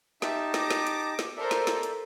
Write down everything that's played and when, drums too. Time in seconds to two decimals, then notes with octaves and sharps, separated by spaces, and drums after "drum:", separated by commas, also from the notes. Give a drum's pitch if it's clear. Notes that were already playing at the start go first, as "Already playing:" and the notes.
0.22 D#4 G4 E5 A5, drum: snare
0.54 D6 A#6, drum: snare
0.70 drum: snare
0.87 drum: hi-hat
1.19 drum: snare
1.37 A4 A#4 C5 D5 E5
1.51 drum: snare
1.67 drum: snare
1.83 drum: hi-hat